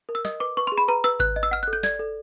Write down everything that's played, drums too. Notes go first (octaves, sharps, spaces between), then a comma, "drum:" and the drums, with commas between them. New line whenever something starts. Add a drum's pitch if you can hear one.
A#4
E6
D#5 D#6, drum: snare
B4 D6
B4 C#6
C6
G#4
B5
B4 A#5
B4 E6
B4 F#6, drum: kick G#1
D#5
E6
F#5 F6
A4 F#6
G6
D5 G#6, drum: snare
A4